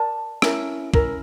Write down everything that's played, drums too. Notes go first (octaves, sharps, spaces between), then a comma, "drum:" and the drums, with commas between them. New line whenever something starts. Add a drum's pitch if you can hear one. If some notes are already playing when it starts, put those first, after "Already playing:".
Already playing: A#4 D5 A5
C#4 E4 A#4, drum: rim click
C#4 E4 A#4, drum: kick